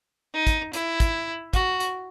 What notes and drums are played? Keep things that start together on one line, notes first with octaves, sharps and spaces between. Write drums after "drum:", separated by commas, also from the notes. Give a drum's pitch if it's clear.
D#4
drum: kick, hi-hat
E4, drum: hi-hat
drum: kick, hi-hat
F#4, drum: kick, hi-hat
drum: hi-hat